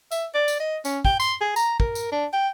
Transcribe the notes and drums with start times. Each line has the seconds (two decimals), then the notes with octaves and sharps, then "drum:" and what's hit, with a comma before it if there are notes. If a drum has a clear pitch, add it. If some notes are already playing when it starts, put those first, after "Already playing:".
0.11 E5, drum: tambourine
0.34 D5
0.48 drum: tambourine
0.60 D#5
0.85 C#4, drum: tambourine
1.05 G5, drum: kick
1.20 C6, drum: tambourine
1.41 G#4
1.56 A#5, drum: tambourine
1.80 A#4, drum: kick
1.95 drum: tambourine
2.12 D4
2.33 G5